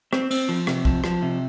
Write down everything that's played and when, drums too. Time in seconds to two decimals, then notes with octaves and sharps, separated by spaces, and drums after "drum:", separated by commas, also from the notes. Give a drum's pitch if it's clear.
0.13 C4, drum: rim click
0.31 C4, drum: cymbal
0.49 F3
0.67 C3, drum: rim click
0.85 F3, drum: kick B1
1.04 F3, drum: rim click
1.22 C3